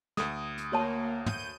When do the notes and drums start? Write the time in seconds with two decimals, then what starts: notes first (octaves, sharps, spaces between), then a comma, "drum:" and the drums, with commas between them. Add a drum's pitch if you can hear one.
0.17 D2 D#6, drum: snare
0.58 drum: hi-hat
0.72 A#3 F#4 C#5 A5
1.26 G6 D#7, drum: tom